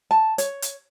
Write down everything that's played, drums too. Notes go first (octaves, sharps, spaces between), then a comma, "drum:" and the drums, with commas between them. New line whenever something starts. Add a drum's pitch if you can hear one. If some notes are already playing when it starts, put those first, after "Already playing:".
A5
C#5, drum: hi-hat
drum: hi-hat